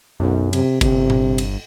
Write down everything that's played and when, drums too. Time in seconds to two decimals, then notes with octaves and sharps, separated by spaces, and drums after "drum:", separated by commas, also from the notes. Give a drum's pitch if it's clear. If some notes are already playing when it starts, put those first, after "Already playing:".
0.20 B1 F#2
0.53 C3, drum: cymbal
0.81 G1 C3, drum: kick, cymbal
1.10 drum: tom A#2
1.38 drum: cymbal